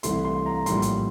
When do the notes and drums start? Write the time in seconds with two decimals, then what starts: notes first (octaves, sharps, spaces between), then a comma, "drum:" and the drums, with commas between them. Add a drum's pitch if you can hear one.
0.03 C2 C3 E3 A3 C6, drum: hi-hat
0.25 C6
0.46 A#5
0.66 A#1 A2 G3 C6, drum: hi-hat
0.82 drum: hi-hat